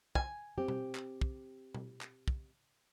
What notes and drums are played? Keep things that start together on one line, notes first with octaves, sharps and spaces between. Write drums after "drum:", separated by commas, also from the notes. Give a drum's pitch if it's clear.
G#5, drum: kick
C4 G4
drum: tom B2
drum: clap
drum: kick
drum: tom B2
drum: clap
drum: kick